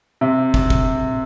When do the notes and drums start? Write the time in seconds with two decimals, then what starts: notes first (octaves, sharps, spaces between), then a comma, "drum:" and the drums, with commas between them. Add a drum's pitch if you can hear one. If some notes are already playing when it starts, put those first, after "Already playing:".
0.21 C3
0.54 drum: kick
0.70 drum: kick